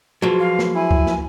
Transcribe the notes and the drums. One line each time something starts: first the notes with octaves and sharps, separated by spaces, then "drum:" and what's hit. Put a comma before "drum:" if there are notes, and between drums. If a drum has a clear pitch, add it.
F3 F#3 F#4 G#4 B4
F5
drum: snare
E4 G#5
drum: kick C#2
drum: snare